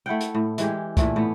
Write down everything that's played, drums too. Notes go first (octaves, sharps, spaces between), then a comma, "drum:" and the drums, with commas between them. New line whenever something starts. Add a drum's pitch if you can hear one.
A3 E4 F#5 G5
drum: hi-hat
A2
E3 G#3 G4, drum: hi-hat
A#2 E3 A3, drum: kick, hi-hat
A2 B3